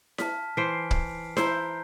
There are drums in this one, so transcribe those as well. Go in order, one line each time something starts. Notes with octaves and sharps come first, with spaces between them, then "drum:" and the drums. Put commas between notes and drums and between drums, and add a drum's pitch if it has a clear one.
A5 F6 B6, drum: snare E4
E3 C5 B6 C7 D7
drum: kick
E4 C5 A#5 G6, drum: snare E4